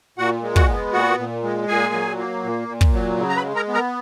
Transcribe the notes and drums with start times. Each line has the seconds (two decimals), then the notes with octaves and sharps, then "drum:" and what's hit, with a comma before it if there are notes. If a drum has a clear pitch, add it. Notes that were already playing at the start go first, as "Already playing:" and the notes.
0.18 A#2 F#4 F#5
0.43 G#3
0.56 F#4 F#5, drum: kick
0.68 B3
0.93 A#2 F#4 F#5
1.18 A#2
1.43 G#3
1.68 A#2 G#4 G#5
1.93 F#3
2.19 A#3
2.44 A#2
2.68 A#2
2.81 drum: kick
2.93 F#3
3.18 C#3
3.29 A#5
3.36 B4 B5
3.43 G#3
3.56 A#4 A#5
3.68 B3
3.74 A#4 A#5